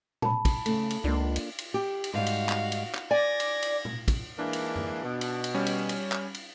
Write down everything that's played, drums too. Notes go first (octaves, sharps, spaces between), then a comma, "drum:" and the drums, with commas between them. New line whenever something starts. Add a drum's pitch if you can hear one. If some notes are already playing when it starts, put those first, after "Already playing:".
A5 B5, drum: tom A#2
drum: kick, cymbal
C#3 A3, drum: cymbal
drum: cymbal
C#2 A#3 D4 F4
drum: cymbal
drum: cymbal
G4
drum: cymbal
G#2 G3 F#4 F5
drum: cymbal
drum: clap
drum: cymbal
drum: clap
D5 G#5 G#6 A#6
drum: cymbal
drum: cymbal
drum: tom A#2
drum: kick, cymbal
E3 G#3 A#3 D4
drum: cymbal
drum: tom F#2
B2
drum: cymbal
drum: cymbal
G3 C#4
drum: cymbal
drum: cymbal
drum: clap
drum: cymbal